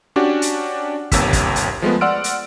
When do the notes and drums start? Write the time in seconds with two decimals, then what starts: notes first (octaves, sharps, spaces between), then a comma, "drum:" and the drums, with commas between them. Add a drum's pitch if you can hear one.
0.16 C#4 D4 F#4 G4 D5
0.42 drum: hi-hat
1.12 G1 D#2 C3 E6 B6, drum: kick, hi-hat
1.33 drum: kick, hi-hat
1.56 drum: hi-hat
1.82 F3 G#3 A3 B3
2.01 D5 F#5 C6 E6 F6 D7
2.24 drum: hi-hat